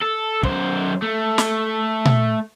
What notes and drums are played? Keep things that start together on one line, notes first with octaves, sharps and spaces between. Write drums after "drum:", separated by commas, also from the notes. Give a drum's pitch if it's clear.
A4
F#2 C5, drum: kick
A3
drum: snare
drum: tom A#2